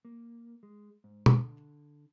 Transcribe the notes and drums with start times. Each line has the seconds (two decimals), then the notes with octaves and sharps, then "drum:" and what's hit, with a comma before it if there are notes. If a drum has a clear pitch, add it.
0.05 A#3
0.63 G#3
1.04 G#2
1.26 D3, drum: tom